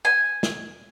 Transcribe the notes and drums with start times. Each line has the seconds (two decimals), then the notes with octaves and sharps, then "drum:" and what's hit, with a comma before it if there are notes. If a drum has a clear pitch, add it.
0.05 G#5
0.43 drum: snare